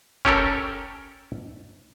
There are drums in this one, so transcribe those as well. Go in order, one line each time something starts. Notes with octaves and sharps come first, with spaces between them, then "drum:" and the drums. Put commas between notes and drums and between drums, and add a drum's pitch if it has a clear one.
C#4 G4 A4 A#4, drum: kick